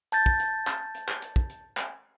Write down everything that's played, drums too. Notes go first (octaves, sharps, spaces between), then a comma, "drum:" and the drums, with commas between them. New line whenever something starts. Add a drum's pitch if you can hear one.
A5 G6 A6, drum: hi-hat
drum: kick
drum: hi-hat
drum: clap
drum: hi-hat
drum: clap
drum: hi-hat
drum: kick
drum: hi-hat
drum: clap